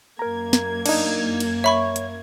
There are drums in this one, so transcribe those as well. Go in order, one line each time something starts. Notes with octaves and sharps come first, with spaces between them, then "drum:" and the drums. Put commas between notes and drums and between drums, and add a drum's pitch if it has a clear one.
F#2 A#3 A#4 A#5 G#6
drum: snare
D4 D#4, drum: cymbal
drum: cymbal
C#5 E5 B5 C#6
drum: hi-hat